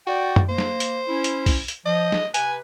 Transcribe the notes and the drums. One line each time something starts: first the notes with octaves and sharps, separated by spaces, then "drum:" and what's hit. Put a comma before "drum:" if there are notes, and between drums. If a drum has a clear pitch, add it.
F#4 D5 G5
drum: tom
A#3 C5
drum: snare
drum: hi-hat
C#4 E4
drum: hi-hat
drum: kick, open hi-hat
drum: hi-hat
F3 D#5
drum: snare
C3 B4 G#5, drum: hi-hat